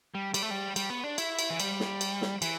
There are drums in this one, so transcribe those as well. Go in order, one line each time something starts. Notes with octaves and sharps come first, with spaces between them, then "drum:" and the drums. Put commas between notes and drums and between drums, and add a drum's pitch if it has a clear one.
G3
G3, drum: cymbal
A3
G3
G3, drum: cymbal
B3
D4
E4, drum: cymbal
drum: cymbal
E3
G3, drum: cymbal
drum: snare
drum: cymbal
drum: snare
E3, drum: cymbal